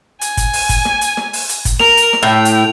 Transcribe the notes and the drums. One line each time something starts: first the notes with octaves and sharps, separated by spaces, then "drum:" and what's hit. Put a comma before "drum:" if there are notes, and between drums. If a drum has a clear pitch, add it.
G#5, drum: hi-hat
drum: kick G1, hi-hat
drum: open hi-hat
drum: kick G1, hi-hat
drum: snare
drum: hi-hat
drum: snare
drum: open hi-hat
drum: hi-hat
drum: kick G1, hi-hat
A#4 F7, drum: snare
drum: hi-hat
drum: snare
A2 G5
drum: hi-hat